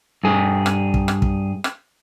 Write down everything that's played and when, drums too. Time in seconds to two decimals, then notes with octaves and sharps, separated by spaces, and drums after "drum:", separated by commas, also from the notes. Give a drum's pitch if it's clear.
0.24 G2 G#4
0.66 drum: rim click
0.94 drum: kick
1.08 drum: rim click
1.22 drum: kick
1.64 drum: rim click